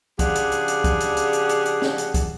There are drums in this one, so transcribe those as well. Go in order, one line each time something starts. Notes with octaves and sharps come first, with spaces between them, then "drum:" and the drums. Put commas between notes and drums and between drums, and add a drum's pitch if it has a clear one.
C#3 F3 D4 G4 G#4 F#5, drum: kick C2, hi-hat
drum: hi-hat
drum: hi-hat
drum: hi-hat
drum: kick C2, hi-hat
drum: hi-hat
drum: hi-hat
drum: hi-hat
drum: hi-hat
drum: hi-hat
drum: snare
drum: hi-hat
drum: kick C2, hi-hat